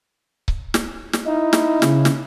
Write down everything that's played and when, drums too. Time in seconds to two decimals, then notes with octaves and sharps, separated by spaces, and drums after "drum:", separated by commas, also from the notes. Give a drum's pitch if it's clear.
0.48 drum: kick C#1
0.74 drum: snare
1.13 drum: snare
1.26 D#4 E4
1.53 drum: snare
1.82 C#3, drum: snare
2.05 drum: snare